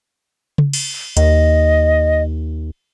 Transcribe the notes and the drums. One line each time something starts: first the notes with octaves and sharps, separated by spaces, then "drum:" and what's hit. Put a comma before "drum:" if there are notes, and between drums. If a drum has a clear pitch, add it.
drum: tom C#3
drum: cymbal
D#2 D#5, drum: hi-hat